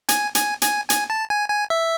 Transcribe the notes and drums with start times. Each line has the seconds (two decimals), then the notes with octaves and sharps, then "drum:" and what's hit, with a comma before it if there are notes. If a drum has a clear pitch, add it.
0.09 G#5, drum: hi-hat
0.35 G#5, drum: hi-hat
0.62 G#5, drum: hi-hat
0.90 G#5, drum: hi-hat
1.10 A5
1.30 G#5
1.50 G#5
1.70 E5